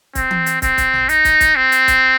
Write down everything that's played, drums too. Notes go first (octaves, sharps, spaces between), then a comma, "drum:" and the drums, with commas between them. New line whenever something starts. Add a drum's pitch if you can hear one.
C4, drum: kick, hi-hat
drum: tom E3
drum: hi-hat
C4, drum: kick, hi-hat
drum: kick, hi-hat
drum: tom A1
D#4, drum: hi-hat
drum: kick, hi-hat
drum: kick, hi-hat
C4
drum: hi-hat
drum: kick, hi-hat